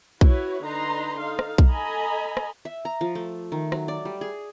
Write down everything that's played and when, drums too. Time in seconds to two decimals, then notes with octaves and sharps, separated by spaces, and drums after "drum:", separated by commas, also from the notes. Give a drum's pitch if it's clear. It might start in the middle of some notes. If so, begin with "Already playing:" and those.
0.21 E4 F#4 B4 C#5, drum: kick B1
0.64 D3 D#4 B4 A#5 C6
1.19 D#4 A4 F5
1.39 drum: rim click
1.58 drum: kick B1
1.68 A4 D#5 G#5 A#5 B5
2.37 drum: rim click
2.65 E5
2.85 A#5
3.01 F3
3.15 A3
3.52 D#3
3.72 F#3, drum: rim click
3.88 D5
4.05 G3
4.21 G#4